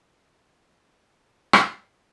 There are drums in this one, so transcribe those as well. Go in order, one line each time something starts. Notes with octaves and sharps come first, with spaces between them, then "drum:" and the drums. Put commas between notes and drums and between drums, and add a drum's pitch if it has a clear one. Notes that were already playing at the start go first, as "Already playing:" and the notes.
F1 A#1
drum: rim click